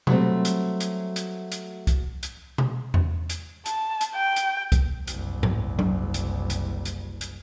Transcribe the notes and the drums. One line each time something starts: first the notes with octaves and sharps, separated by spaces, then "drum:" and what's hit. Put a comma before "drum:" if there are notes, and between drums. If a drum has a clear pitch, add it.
F#3 G3 A3 C4, drum: tom B2
drum: hi-hat
drum: hi-hat
drum: hi-hat
drum: hi-hat
drum: kick C2, hi-hat
drum: hi-hat
drum: tom B2
drum: tom E2
drum: hi-hat
A5, drum: hi-hat
drum: hi-hat
G5
drum: hi-hat
drum: kick C2, hi-hat
F#1 C2, drum: hi-hat
drum: tom G#2
drum: tom F#3
drum: hi-hat
drum: hi-hat
drum: hi-hat
drum: hi-hat